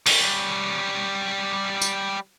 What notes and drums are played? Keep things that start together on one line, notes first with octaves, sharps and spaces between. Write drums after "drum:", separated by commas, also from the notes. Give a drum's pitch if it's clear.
G3 C#4, drum: open hi-hat
drum: tambourine